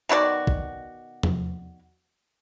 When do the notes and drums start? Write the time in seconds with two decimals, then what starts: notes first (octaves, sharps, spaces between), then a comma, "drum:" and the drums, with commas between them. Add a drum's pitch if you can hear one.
0.09 B2 D#3 F#4 D5
0.47 drum: kick
1.23 drum: tom